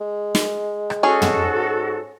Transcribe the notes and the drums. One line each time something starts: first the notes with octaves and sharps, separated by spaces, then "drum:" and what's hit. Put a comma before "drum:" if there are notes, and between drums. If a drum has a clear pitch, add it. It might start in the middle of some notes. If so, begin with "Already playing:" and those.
G#3
drum: snare
drum: rim click
C#4 F#4 G#4 A4
drum: tom
G#2